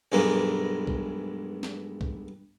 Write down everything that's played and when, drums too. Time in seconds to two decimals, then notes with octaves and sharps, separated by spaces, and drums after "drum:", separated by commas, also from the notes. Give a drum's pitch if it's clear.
0.12 B1 G2 E3 G#3 A#3
0.87 drum: kick B1
1.63 drum: snare
2.01 drum: kick B1